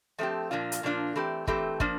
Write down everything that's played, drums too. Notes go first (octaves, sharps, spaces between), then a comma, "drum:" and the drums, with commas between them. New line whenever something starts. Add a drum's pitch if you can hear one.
F3 A3 C4 G4
A#2 F3 A#3 D4 F4
drum: hi-hat
A#2 F3 A#3 D4 F4
E3 A3 C4 G4
E3 A3 C4 G4, drum: kick
F3 A#3 D4, drum: kick